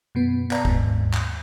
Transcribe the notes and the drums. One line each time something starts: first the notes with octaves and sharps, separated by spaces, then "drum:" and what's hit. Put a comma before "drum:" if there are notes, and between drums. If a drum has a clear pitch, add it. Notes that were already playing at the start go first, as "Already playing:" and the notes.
F#2 B2 B3
B4 D5 F5 A5 A#5, drum: clap
D#2 G#2, drum: kick F#1
drum: clap